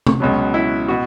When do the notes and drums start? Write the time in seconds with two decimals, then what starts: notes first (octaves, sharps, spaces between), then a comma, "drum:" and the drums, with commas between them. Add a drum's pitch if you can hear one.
0.07 drum: tom C3
0.20 C#2 B2 F#3
0.54 E4
0.88 B2 F#4